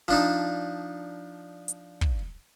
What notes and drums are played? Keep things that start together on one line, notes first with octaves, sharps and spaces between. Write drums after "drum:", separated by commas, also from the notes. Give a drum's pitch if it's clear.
F3 D4 D#4
drum: hi-hat
drum: kick